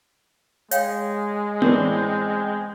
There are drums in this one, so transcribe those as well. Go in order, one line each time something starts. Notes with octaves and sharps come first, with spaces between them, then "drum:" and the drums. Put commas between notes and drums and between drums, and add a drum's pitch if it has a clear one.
G#3 C#5 F5 G5, drum: hi-hat
A2 E3 C4 D4, drum: tom B3